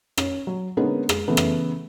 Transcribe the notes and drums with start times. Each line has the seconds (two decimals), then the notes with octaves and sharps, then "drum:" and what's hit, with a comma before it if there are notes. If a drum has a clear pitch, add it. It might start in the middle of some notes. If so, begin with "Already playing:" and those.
0.18 C#4, drum: rim click
0.47 F#3
0.77 D3 G#3 A#3 B3 C#4 D#4
1.09 G#3, drum: rim click
1.28 C#3 E3 A3 B3
1.37 drum: rim click